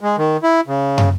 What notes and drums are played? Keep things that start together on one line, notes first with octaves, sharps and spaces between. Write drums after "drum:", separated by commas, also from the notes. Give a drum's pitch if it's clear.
G#3
D#3
E4
C#3
drum: tom